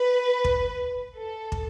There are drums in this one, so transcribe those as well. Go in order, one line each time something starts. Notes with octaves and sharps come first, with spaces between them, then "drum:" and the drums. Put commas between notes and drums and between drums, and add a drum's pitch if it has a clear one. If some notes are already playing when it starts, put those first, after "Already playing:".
Already playing: B4
drum: kick
A4
drum: kick